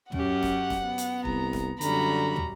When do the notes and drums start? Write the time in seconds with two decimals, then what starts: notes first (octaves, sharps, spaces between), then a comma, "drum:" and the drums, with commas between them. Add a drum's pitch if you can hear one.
0.12 F#2 C#4 G4 F#5, drum: tom
0.43 drum: snare
0.70 drum: snare
0.84 B3
0.98 drum: hi-hat
1.25 C2 A#5, drum: kick
1.53 drum: snare
1.81 F#2 D3 G3 F#4 A#5 B5, drum: hi-hat
2.36 drum: tom